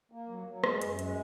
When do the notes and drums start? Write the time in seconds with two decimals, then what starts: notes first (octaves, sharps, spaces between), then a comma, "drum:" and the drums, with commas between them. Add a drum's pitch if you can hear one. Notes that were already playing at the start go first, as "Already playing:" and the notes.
0.12 A#3
0.29 F#3
0.47 F#3
0.64 G#3, drum: rim click
0.81 F#2, drum: hi-hat
0.99 G#3, drum: hi-hat